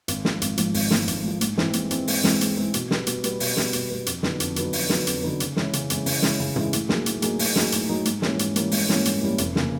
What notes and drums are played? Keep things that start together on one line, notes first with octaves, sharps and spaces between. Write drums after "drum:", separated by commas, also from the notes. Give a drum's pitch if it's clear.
G#1, drum: hi-hat
G#2 F3, drum: snare
G#1, drum: hi-hat
G#2 F3, drum: hi-hat
G#1, drum: open hi-hat
G#2 F3, drum: snare
G#1, drum: hi-hat
G#2 F3
G#2, drum: hi-hat
E3 G#3 C4, drum: snare
G#2, drum: hi-hat
E3 G#3 C4, drum: hi-hat
G#2, drum: open hi-hat
E3 G#3 C4, drum: snare
G#2, drum: hi-hat
E3 G#3 C4
B2, drum: hi-hat
G3 B3, drum: snare
B2, drum: hi-hat
G3 B3, drum: hi-hat
B2, drum: open hi-hat
G3 B3, drum: snare
B2, drum: hi-hat
G3 B3
F2, drum: hi-hat
D3 F#3 B3 D#4, drum: snare
F2, drum: hi-hat
D3 F#3 B3 D#4, drum: hi-hat
F2, drum: open hi-hat
D3 F#3 B3 D#4, drum: snare
F2, drum: hi-hat
D3 F#3 B3 D#4
C#3, drum: hi-hat
E3 G#3 C#4 E4, drum: snare
C#3, drum: hi-hat
E3 G#3 C#4 E4, drum: hi-hat
C#3, drum: open hi-hat
E3 G#3 C#4 E4, drum: snare
C#3
E3 G#3 C#4 E4, drum: tom
A2, drum: hi-hat
F#3 A#3 D#4 G#4, drum: snare
A2, drum: hi-hat
F#3 A#3 D#4 G#4, drum: hi-hat
A2, drum: open hi-hat
F#3 A#3 D#4 G#4, drum: snare
A2, drum: hi-hat
F#3 A#3 D#4 G#4
G#2, drum: hi-hat
E3 G3 A#3 C#4, drum: snare
G#2, drum: hi-hat
E3 G3 A#3 C#4, drum: hi-hat
G#2, drum: open hi-hat
E3 G3 A#3 C#4, drum: snare
G#2, drum: hi-hat
E3 G3 A#3 C#4
F1, drum: hi-hat
C#3 F3 A#3, drum: snare